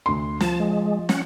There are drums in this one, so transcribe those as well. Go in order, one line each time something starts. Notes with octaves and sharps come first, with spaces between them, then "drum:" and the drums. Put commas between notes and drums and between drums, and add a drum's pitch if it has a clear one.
D2 C6
F3 A5, drum: snare
G#3
C#4 F#5, drum: snare